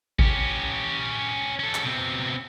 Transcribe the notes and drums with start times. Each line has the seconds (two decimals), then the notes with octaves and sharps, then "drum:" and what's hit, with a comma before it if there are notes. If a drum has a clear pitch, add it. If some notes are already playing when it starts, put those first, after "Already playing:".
0.19 C#4 G4, drum: kick G#1
1.59 C#4 A4
1.75 drum: clap
1.86 B2 C4